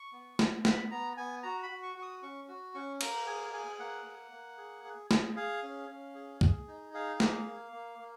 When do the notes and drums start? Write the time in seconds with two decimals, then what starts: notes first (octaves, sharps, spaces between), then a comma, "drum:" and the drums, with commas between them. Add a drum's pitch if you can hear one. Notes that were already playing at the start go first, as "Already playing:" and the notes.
Already playing: C#6
0.13 B3
0.39 B3, drum: snare
0.65 B3 B5, drum: snare
0.91 B3 A#5
1.17 B3 G#5
1.43 F#4 A#5
1.63 B5
1.70 F#4
1.83 C#6
1.96 F#4 C#6
2.02 D#6
2.22 C#4 C#6
2.48 F#4
2.74 C#4 C#6
3.01 A#3 A#5, drum: cymbal
3.27 G#4 G#5
3.53 G#4 G#5
3.79 A#3 F#5
4.05 A#3
4.32 A#3
4.58 G#4
4.84 G#4
5.11 G#4, drum: snare
5.36 G#4 F5
5.63 C#4
5.89 C#4
6.15 G#4
6.41 G#4, drum: kick C2
6.68 D#4
6.94 G#4 F5
7.20 A#3, drum: snare
7.46 A#3
7.72 A#3
7.99 A#3